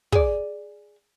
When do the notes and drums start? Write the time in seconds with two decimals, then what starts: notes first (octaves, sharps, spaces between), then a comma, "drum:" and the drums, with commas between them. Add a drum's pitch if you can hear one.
0.12 G#4 D5, drum: kick